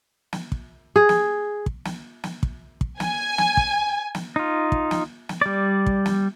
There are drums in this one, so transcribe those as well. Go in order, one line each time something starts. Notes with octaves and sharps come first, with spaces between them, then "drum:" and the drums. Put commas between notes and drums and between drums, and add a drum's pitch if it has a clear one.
drum: snare
drum: kick
G#4
drum: snare
drum: kick
drum: snare
drum: snare
drum: kick
drum: kick
G#5, drum: snare
drum: snare
drum: kick
drum: snare
D#4 F4
drum: kick
drum: snare
drum: snare
G3 D5
drum: kick
drum: snare